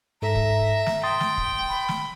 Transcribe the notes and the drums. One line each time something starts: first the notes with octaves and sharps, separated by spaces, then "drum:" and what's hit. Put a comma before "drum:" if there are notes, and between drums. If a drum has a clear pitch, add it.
G#2 A4 E5 A#5
drum: kick
drum: snare
G5 C6 D#6 A6
drum: snare
drum: kick
B5
drum: snare